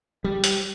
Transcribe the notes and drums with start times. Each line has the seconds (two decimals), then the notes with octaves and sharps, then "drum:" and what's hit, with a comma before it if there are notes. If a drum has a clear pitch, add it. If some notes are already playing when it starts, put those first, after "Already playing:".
0.24 G3
0.44 drum: hi-hat